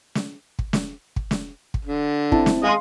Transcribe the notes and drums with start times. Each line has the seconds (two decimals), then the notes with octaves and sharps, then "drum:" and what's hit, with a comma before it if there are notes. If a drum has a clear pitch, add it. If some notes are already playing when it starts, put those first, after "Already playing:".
0.15 drum: snare
0.59 drum: kick
0.73 drum: snare
1.16 drum: kick
1.31 drum: snare
1.74 drum: kick
1.85 D3
2.32 C4 E4 A5, drum: kick
2.46 drum: snare
2.63 G#3 G#4 D#5 F5 C6